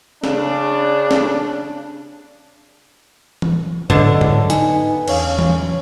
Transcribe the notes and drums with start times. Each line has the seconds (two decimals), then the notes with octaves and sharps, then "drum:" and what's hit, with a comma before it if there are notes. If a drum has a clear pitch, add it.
0.24 C#3 D4, drum: snare
1.11 drum: snare
3.42 drum: tom E3
3.90 D3 B4 C#5 D#5, drum: tom G#2
4.21 drum: tom G#2
4.50 B3 D#4 G#5, drum: hi-hat
5.08 E2 C#4 C#5 F5, drum: cymbal
5.39 drum: tom E3